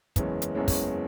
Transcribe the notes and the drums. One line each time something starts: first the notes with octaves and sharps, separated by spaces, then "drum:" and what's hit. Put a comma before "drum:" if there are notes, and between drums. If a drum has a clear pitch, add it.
F#1 E2 E3 G#3 C#4, drum: kick, hi-hat
drum: hi-hat
F#1 E2 E3 G#3 C#4
drum: kick, open hi-hat